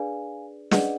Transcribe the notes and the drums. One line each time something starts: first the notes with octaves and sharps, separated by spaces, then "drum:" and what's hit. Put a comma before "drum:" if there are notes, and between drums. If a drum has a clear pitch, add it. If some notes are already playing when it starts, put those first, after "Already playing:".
Already playing: D4 G#4 B4 D5 F5 G#5
D4 G#4 B4 D5 D#5 F#5, drum: snare